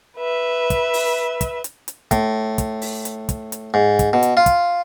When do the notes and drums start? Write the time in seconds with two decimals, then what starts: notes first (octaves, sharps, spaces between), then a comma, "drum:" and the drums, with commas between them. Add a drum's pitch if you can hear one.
0.17 B4 E5
0.70 drum: kick, hi-hat
0.94 drum: open hi-hat
1.41 drum: kick, hi-hat
1.64 drum: hi-hat
1.88 drum: hi-hat
2.11 A2, drum: kick, hi-hat
2.58 drum: kick, hi-hat
2.82 drum: open hi-hat
3.05 drum: hi-hat
3.29 drum: kick, hi-hat
3.52 drum: hi-hat
3.74 G#2
3.99 drum: kick, hi-hat
4.13 B2
4.23 drum: hi-hat
4.37 F4
4.46 drum: kick, hi-hat